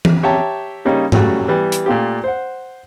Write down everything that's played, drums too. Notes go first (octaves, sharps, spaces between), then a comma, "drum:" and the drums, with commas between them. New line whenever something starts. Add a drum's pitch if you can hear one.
drum: tom E3
G4 C#5 E5 G5 A5 A#5
C#3 G3 A#3 C#4 D#4
C#3 F#3 G3 A3 F#4, drum: tom G#2
E3 G3 B3
drum: hi-hat
A#2 A3 F4 G4
C5 F#5